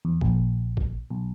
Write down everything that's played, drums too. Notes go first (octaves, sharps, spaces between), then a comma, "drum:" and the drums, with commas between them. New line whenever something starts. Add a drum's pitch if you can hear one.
E2
A#1, drum: kick
drum: kick
B1